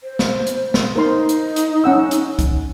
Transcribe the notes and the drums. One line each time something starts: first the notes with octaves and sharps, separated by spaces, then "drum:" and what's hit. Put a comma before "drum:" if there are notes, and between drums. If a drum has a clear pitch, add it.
C5
drum: snare
drum: hi-hat
drum: snare
D#4 A#4 C5 C6
drum: hi-hat
drum: hi-hat
C#4 F#5 E6
drum: hi-hat
drum: kick C2, hi-hat